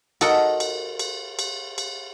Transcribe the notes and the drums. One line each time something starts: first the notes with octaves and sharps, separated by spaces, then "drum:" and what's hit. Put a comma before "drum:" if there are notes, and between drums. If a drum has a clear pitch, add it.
F#4 A4 A#4 D#5 F#5, drum: cymbal
drum: cymbal
drum: cymbal
drum: cymbal
drum: cymbal